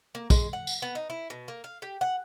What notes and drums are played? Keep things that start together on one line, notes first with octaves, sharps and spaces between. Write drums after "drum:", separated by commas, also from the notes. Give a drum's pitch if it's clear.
A#3
G#3, drum: kick, tambourine
F#5
drum: tambourine
B3
D#4
E4
B2
A#3
F5
G4
F#5